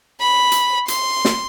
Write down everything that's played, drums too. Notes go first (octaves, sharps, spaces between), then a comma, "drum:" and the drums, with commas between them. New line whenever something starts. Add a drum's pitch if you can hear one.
B5
drum: hi-hat
C6, drum: hi-hat
drum: snare